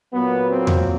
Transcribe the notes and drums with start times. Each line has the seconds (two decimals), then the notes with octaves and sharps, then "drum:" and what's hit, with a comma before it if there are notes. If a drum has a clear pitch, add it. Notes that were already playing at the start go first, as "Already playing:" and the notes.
0.13 A#2 F#3 A#3 B3
0.50 C4
0.67 drum: tom E2